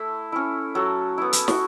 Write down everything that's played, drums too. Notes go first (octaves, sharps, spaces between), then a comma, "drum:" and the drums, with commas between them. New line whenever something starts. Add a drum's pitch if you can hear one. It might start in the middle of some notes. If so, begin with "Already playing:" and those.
Already playing: A3 E4 E5
C#4 E4
F#3 A4
B3 E4
drum: hi-hat
F#4, drum: snare